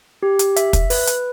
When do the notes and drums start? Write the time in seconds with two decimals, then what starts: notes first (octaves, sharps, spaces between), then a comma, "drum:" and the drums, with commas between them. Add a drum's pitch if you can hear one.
0.23 G4
0.39 drum: hi-hat
0.56 E5, drum: hi-hat
0.73 drum: kick, hi-hat
0.90 B4, drum: open hi-hat
1.07 drum: hi-hat